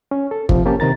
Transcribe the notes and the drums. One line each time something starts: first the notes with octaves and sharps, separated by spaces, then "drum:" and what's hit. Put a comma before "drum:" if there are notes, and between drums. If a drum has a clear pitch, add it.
C#4
A4
C3 F3, drum: kick G1
A#3 C#4 G4 A5
C3 D#3 A#5 A6